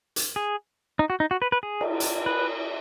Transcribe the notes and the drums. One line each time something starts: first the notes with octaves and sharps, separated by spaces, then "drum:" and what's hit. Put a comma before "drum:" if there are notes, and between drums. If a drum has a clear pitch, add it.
drum: hi-hat
G#4
D#4
F#4
D#4
F#4
B4
B4
G#4
drum: cymbal
drum: hi-hat
B4